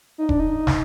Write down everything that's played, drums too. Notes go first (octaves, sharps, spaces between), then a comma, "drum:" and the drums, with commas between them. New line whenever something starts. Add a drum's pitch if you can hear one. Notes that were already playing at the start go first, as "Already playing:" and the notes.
D#4
D4, drum: kick E1
D#4
drum: snare